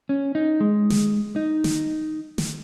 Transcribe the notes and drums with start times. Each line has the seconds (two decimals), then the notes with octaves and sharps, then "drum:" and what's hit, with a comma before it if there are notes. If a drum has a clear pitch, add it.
0.09 C#4
0.35 D#4
0.60 G#3
0.90 drum: snare
1.36 D#4
1.64 drum: snare
2.38 drum: snare